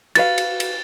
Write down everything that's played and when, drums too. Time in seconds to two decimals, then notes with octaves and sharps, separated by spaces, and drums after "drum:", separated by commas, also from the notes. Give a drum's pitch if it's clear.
0.15 F#4 B4 F5 A6, drum: cymbal
0.38 drum: cymbal
0.60 drum: cymbal